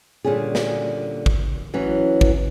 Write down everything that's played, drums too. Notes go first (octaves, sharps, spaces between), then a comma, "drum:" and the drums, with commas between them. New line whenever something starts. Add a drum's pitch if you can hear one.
A#2 D3 G3 C#4 G#4
drum: snare
drum: kick G#1
E3 F#3 C#4
drum: kick G#1